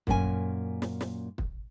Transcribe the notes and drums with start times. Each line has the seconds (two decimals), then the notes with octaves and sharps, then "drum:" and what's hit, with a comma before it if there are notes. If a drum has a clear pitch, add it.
0.07 F#2 A#2 C#4 F#4 G#5, drum: kick
0.82 drum: snare
1.01 drum: snare
1.38 drum: kick